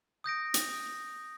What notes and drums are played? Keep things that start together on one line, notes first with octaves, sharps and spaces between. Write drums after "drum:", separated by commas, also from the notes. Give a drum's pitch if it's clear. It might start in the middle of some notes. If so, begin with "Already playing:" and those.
D#6 G6 A#6 D7
drum: hi-hat